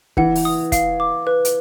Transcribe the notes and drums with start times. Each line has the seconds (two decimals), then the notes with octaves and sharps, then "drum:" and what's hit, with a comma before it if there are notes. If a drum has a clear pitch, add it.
0.17 E3 F#5, drum: kick
0.36 drum: open hi-hat
0.45 D#6
0.72 F5, drum: kick, hi-hat
1.00 D6
1.27 B4
1.45 drum: hi-hat